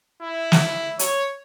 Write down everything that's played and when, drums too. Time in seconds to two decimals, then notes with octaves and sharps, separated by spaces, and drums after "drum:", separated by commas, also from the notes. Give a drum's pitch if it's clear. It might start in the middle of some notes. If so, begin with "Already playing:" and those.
0.22 E4
0.52 drum: snare
0.99 C#5, drum: hi-hat